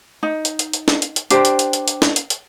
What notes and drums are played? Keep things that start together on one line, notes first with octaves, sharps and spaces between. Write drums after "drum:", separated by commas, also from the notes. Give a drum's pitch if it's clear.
D#4
drum: hi-hat
drum: hi-hat
drum: hi-hat
drum: snare
drum: hi-hat
drum: hi-hat
D4 G4 C5, drum: hi-hat
drum: hi-hat
drum: hi-hat
drum: hi-hat
drum: hi-hat
drum: snare
drum: hi-hat
drum: hi-hat